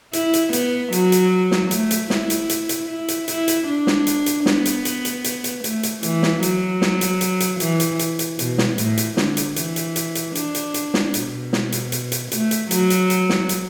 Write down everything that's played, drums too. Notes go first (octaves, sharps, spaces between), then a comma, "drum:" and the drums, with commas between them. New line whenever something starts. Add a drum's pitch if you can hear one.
E4, drum: hi-hat
drum: hi-hat
B3, drum: hi-hat
F#3, drum: hi-hat
drum: hi-hat
drum: snare
A3, drum: hi-hat
drum: hi-hat
E4, drum: snare
drum: hi-hat
drum: hi-hat
drum: hi-hat
E4
drum: hi-hat
E4, drum: hi-hat
drum: hi-hat
D4
drum: snare
drum: hi-hat
drum: hi-hat
B3, drum: snare
drum: hi-hat
drum: hi-hat
drum: hi-hat
drum: hi-hat
drum: hi-hat
A3, drum: hi-hat
drum: hi-hat
E3, drum: hi-hat
drum: snare
F#3, drum: hi-hat
drum: snare
drum: hi-hat
drum: hi-hat
drum: hi-hat
E3, drum: hi-hat
drum: hi-hat
drum: hi-hat
drum: hi-hat
B2, drum: hi-hat
drum: snare
A2, drum: hi-hat
drum: hi-hat
D3, drum: snare
drum: hi-hat
E3, drum: hi-hat
drum: hi-hat
drum: hi-hat
drum: hi-hat
D4, drum: hi-hat
drum: hi-hat
drum: hi-hat
drum: snare
B2, drum: hi-hat
drum: snare
drum: hi-hat
drum: hi-hat
drum: hi-hat
A3, drum: hi-hat
drum: hi-hat
F#3, drum: hi-hat
drum: hi-hat
drum: hi-hat
drum: snare
drum: hi-hat